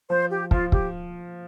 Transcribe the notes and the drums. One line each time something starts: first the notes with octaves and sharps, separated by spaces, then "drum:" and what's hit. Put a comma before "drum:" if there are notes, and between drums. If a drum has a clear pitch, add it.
F3 C5
G4
F3 F4, drum: kick
G4, drum: kick